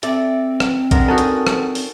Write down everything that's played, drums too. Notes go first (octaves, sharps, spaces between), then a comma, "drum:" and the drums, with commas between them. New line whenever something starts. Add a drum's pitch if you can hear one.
C4 A4 D5 E5, drum: hi-hat
drum: rim click
G#3 B3 D4 A#4, drum: kick, hi-hat
C#4 D#4 F#4 A4 A#4 A5
drum: hi-hat
drum: rim click
drum: open hi-hat